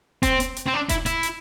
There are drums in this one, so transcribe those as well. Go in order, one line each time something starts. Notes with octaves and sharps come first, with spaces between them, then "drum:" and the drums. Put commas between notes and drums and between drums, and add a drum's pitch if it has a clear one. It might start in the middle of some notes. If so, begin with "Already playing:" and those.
C4, drum: kick E1, hi-hat
drum: hi-hat
drum: hi-hat
C4
D4
E4, drum: kick E1, hi-hat
E4, drum: hi-hat
drum: hi-hat